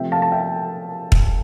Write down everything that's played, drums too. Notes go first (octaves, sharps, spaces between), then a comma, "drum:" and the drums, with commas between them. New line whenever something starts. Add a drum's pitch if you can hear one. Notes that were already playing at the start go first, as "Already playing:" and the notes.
Already playing: C3 F3 A3 C4 E5 G5
F5 A5
A5
E5 G5
drum: kick